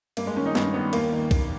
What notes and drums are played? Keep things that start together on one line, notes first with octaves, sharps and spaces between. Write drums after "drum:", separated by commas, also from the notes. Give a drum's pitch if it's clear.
G2 A#3, drum: cymbal
G#3
D#3 C#4
D#4
G2 C#4, drum: snare
D#3 B3
D#2 A#3, drum: cymbal
D#3
D#2, drum: kick, cymbal